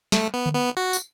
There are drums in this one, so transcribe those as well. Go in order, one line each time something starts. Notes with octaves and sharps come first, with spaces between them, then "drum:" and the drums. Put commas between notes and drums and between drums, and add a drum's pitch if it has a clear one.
A3, drum: snare
B3
drum: tom D3
B3
F#4
drum: tambourine